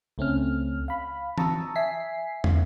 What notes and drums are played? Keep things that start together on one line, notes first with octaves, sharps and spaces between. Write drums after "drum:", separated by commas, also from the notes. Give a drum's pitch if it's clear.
C#2 A3 C4 C#4 F6
F5 B5
A5 A#5 C#6 D#6 E6, drum: tom E3
E5 G#5 B6 C7
drum: tom